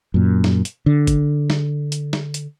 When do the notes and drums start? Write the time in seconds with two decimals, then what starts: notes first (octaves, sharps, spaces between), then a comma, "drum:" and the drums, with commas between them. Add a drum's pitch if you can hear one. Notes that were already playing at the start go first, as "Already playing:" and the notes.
0.14 F#2 A#2
0.44 drum: snare
0.65 drum: hi-hat
0.86 D3
1.07 drum: kick, hi-hat
1.50 drum: snare
1.92 drum: hi-hat
2.13 drum: snare
2.34 drum: hi-hat